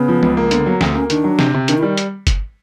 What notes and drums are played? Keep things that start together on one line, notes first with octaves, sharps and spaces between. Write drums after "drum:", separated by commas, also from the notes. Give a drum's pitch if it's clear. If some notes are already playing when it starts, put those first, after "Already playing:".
Already playing: C#3 B3
F3
C#2, drum: tom
A#3
D3 B3, drum: hi-hat
F#3 B3
D2 C4, drum: snare
A#3 C#4
D#3 D4, drum: hi-hat
F#3
C3, drum: snare
C3
D#3 D4, drum: hi-hat
E4
G3
drum: hi-hat
drum: kick, hi-hat